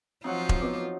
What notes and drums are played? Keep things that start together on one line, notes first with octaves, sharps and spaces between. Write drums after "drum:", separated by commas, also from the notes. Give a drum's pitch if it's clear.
F3 F#3 C4 D#4 F4 F#5
drum: kick E1
B3 D6